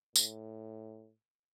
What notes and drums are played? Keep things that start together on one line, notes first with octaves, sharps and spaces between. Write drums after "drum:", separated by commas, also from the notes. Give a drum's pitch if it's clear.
A2, drum: tambourine